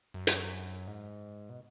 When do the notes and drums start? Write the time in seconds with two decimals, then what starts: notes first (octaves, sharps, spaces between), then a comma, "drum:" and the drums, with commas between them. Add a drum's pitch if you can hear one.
0.14 F#2
0.27 drum: hi-hat
0.87 G#2
1.49 B2